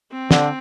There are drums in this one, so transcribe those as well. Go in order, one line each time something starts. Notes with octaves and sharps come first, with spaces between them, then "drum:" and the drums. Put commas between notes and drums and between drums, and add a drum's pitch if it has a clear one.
C4
D3, drum: snare